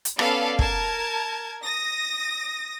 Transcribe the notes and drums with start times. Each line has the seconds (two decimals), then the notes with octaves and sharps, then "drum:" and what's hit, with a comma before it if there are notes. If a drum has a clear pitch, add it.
0.05 drum: hi-hat
0.19 B3 C#4 A4 D5 F5, drum: rim click
0.59 A#4 A5 G#6, drum: kick
1.63 D#6 A#6